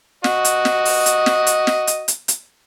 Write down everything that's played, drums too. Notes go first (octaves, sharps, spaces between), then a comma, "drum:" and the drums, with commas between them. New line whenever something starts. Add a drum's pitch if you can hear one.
F#4 D#5, drum: snare
drum: hi-hat
drum: snare
drum: open hi-hat
drum: hi-hat
drum: snare
drum: hi-hat
drum: snare
drum: hi-hat
drum: hi-hat
drum: hi-hat